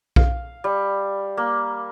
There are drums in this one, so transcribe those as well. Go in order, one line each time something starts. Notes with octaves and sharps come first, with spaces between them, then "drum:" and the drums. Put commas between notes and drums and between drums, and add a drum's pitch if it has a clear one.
F5, drum: kick B1
G3
A#3